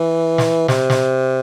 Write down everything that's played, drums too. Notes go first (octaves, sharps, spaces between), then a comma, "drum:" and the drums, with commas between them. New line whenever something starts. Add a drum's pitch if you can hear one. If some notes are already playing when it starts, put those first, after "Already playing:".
Already playing: E3
drum: snare
C3, drum: snare
drum: snare